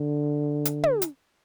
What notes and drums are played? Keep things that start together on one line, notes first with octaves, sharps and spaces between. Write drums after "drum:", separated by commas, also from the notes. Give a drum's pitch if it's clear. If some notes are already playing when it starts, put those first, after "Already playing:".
Already playing: D3
drum: hi-hat
drum: tom
drum: hi-hat